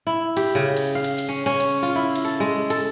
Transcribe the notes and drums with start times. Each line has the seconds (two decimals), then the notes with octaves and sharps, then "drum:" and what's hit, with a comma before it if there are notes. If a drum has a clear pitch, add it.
0.07 E4
0.37 G4, drum: cymbal
0.55 C#3
0.77 drum: cymbal
0.95 F5
1.04 drum: cymbal
1.18 drum: cymbal
1.29 C#4
1.46 C#4, drum: cymbal
1.60 drum: cymbal
1.83 F4
1.96 E4
2.15 drum: cymbal
2.25 A4
2.40 G#3
2.70 A4, drum: cymbal